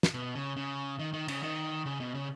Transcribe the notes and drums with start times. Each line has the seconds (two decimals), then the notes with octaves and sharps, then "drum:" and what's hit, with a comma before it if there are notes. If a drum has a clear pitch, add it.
0.03 drum: snare
0.14 B2
0.35 C#3
0.56 C#3
0.99 D#3
1.13 D#3
1.28 C#3, drum: cymbal
1.43 D#3
1.86 C#3
2.00 B2
2.14 C#3